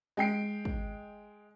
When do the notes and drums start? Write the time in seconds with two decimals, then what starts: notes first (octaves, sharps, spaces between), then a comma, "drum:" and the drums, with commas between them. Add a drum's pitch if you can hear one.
0.17 G#3 G5 C7 D7
0.65 drum: kick